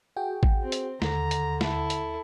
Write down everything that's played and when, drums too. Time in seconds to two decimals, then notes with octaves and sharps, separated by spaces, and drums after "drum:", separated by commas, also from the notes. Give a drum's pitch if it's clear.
0.16 F#4 G#4 G5
0.43 drum: kick A1
0.62 C4
0.72 drum: hi-hat
1.02 D#2 D3 A#5, drum: snare
1.31 drum: hi-hat
1.61 E4 A4, drum: snare
1.90 drum: hi-hat